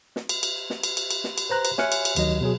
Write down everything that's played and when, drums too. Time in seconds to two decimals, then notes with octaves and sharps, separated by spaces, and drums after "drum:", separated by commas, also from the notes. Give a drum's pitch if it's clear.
0.16 drum: snare
0.29 drum: cymbal
0.43 drum: cymbal
0.70 drum: snare
0.83 drum: cymbal
0.97 drum: cymbal
1.11 drum: cymbal
1.24 drum: snare
1.38 drum: cymbal
1.50 B4 C5 A#5 F#6
1.65 drum: cymbal
1.78 C#5 E5 G#5 F6 F#6 C#7, drum: snare
1.92 drum: cymbal
2.05 drum: cymbal
2.16 D2 D#3 F#3 D#5, drum: cymbal
2.41 B2 F#3 G#4